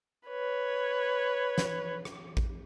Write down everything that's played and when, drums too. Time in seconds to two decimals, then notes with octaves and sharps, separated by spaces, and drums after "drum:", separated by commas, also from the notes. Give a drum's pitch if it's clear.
0.28 B4 C#5
1.58 drum: snare
2.05 drum: rim click
2.37 drum: kick A1